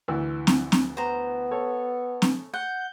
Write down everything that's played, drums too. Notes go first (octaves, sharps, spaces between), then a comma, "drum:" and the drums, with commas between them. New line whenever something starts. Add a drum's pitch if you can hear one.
D2 E3 E6
drum: snare C4
drum: snare C4
B3 C5 A#5
A4 C#5
drum: snare C4
F#5 G6